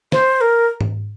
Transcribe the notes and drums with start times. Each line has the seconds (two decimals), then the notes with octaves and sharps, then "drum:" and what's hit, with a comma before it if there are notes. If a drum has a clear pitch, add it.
0.12 C5, drum: snare
0.41 A#4
0.81 drum: tom G#2